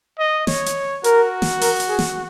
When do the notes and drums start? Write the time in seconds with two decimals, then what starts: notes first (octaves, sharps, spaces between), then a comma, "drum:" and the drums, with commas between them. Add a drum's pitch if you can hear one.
0.19 D#5
0.47 C#5, drum: snare
0.66 drum: hi-hat
1.04 F#4 A#4, drum: hi-hat
1.42 drum: snare
1.61 A#4, drum: open hi-hat
1.80 drum: hi-hat
1.89 G#4
1.99 drum: snare